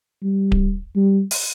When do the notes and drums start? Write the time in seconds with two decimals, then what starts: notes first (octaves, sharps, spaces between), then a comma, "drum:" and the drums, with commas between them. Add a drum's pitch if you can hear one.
0.22 G3
0.52 drum: kick D1
0.96 G3
1.31 drum: open hi-hat